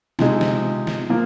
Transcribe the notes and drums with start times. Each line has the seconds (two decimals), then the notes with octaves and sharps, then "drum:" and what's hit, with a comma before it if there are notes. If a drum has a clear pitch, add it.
0.19 C3 F3 G#3 D#4, drum: snare
0.41 drum: snare
0.87 drum: snare
1.10 F3 A#3